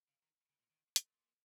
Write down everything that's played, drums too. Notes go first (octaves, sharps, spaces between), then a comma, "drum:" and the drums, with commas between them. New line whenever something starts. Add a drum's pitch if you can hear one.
C#3
D#3
C#3
A#2
D#3
C#3, drum: hi-hat
A#2